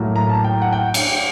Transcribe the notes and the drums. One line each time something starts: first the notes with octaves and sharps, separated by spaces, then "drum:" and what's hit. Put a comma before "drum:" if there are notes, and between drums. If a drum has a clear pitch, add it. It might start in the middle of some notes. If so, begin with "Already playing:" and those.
Already playing: A2 F#3 A#3
A#5
A5
G5
F#5
G5
drum: cymbal